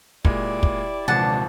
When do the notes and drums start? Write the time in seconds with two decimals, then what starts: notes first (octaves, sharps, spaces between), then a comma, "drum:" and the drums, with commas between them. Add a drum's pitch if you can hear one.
0.25 A#2 G#3 E4 G4 D5, drum: kick
0.63 drum: kick
1.08 D#1 C3 E3 F3 G#3 D4 F#5 A5